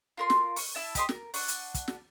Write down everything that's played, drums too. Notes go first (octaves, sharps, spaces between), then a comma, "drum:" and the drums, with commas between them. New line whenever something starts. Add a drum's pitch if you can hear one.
F4 A#4 C6
drum: snare
C#6, drum: open hi-hat
E4 E5 A5
G4 D#5 C6, drum: kick, hi-hat
A#4, drum: snare
D4 F#5 C#6, drum: open hi-hat
drum: hi-hat
drum: kick, hi-hat
drum: snare